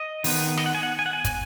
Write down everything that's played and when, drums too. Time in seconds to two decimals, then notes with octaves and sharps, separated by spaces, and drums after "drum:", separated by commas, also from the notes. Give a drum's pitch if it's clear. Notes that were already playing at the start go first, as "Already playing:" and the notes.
Already playing: D#5
0.24 D#3 B3, drum: open hi-hat
0.57 D#5, drum: snare
0.66 F#5
0.75 G#5
0.83 F#5
0.99 G#5
1.06 F#5
1.13 G#5
1.24 drum: kick, hi-hat